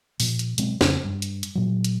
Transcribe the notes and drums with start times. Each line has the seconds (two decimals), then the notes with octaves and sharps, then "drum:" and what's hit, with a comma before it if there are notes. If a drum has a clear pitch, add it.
0.20 A#2 F3, drum: open hi-hat
0.39 drum: hi-hat
0.58 B2 F#3 G#3 C4, drum: hi-hat
0.81 F2 C#3, drum: snare
1.05 G2
1.22 drum: hi-hat
1.43 drum: hi-hat
1.55 A#2 F#3
1.84 drum: hi-hat